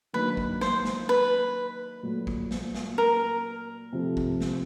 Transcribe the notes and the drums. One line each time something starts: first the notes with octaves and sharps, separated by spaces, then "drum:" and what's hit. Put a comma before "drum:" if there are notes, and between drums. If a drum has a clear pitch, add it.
D#3 F#3 A#3 D4 B4
drum: kick A#1
C5, drum: snare
drum: snare
B4
A#2 F#3 A3
drum: kick A#1
drum: snare
drum: snare
A#4
C3 F3 A3
drum: kick A#1
drum: snare